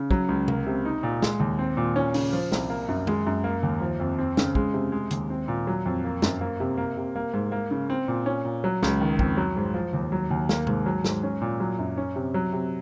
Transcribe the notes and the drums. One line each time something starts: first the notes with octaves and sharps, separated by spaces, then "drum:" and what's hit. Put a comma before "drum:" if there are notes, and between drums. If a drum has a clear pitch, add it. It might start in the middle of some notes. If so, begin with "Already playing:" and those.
Already playing: C#3
F#3, drum: kick
C#2
A#3, drum: tom C3
C3
D#4
A#2
G#3, drum: snare
D#2
C4
A#2
C#4
C#3, drum: open hi-hat
F3
C2, drum: snare
A#3
F#2
G#3, drum: tom
F#2
A#3
D#2
F3
F2
C4
C#3, drum: snare
G#3, drum: kick
C3
G#3
D#2, drum: hi-hat
C4
A#2
F#3
F2
A#3
F#2, drum: snare
A#3
C3
A#3
C3
A#3
G#2
A#3
C#3
C4
A#2
C#4
A#2
F#3
C#2, drum: snare
D#3
F2, drum: kick
F#3
G#2
F3
D#2
F#3
D#2
A#3, drum: snare
G#2, drum: tom C3
F#3
G#2, drum: snare
C#4
A#2
F#3
F#2
C#4
C3
F#3
C3